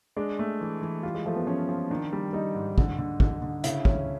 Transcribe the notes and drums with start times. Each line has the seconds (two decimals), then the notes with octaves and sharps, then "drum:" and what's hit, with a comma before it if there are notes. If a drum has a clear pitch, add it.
0.17 G#3 D4
0.39 A3
0.61 E3
0.82 E3
1.03 G3 F4
1.15 G#3
1.26 F3 A3
1.36 B3
1.47 F3 C#4
1.69 F3
1.90 D#3 D4
2.13 G3
2.33 G3 D#4
2.55 G#2
2.78 D3, drum: kick
2.98 D3
3.20 D3, drum: kick
3.42 D3
3.64 C#3 E4, drum: hi-hat
3.85 C#4, drum: kick